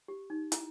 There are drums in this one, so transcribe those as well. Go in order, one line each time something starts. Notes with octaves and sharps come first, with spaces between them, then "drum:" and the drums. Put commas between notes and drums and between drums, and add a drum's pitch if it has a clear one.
G4
D#4
E4, drum: hi-hat